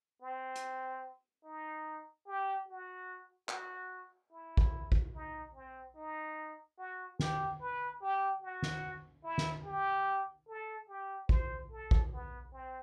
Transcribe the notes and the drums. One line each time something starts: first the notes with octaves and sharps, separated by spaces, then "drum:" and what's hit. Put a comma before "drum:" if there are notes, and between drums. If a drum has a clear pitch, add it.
C4
drum: hi-hat
D#4
G4
F#4
F#4, drum: clap
E4
drum: kick
drum: kick
D#4
C4
D#4
F#4
G4, drum: snare
B4
G4
F#4
drum: snare
E4
drum: snare
G4
A4
G4
C5, drum: kick
A4
drum: kick
B3
C4